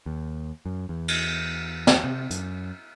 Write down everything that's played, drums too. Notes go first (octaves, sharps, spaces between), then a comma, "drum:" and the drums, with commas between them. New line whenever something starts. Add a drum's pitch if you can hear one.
D#2
F#2
E2
drum: cymbal
drum: snare
C3
F#2, drum: hi-hat